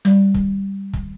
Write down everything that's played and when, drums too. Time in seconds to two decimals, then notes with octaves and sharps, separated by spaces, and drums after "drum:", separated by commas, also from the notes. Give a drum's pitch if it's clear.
0.05 G3, drum: snare
0.34 drum: kick
0.93 drum: kick